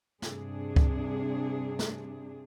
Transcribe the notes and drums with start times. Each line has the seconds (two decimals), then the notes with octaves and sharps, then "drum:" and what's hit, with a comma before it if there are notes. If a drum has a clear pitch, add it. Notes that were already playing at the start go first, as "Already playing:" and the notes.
0.22 G2 C3 D4 G#4, drum: snare
0.76 drum: kick C#2
1.79 drum: snare